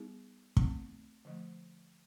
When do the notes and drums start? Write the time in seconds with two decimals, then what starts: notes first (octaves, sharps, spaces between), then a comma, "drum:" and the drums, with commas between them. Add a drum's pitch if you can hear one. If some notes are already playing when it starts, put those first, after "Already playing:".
Already playing: G3 B3 D#4 G#4
0.57 A3 C4 D#4, drum: kick
1.25 D3 F3 A3